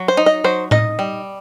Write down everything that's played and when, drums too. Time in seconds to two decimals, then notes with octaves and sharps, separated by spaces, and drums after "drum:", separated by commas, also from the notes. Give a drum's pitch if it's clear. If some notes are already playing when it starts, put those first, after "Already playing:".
Already playing: F#3
0.08 C5
0.17 D#4
0.26 D#5
0.44 F#3 C5
0.71 D#4 D#5, drum: tom A2
0.99 G3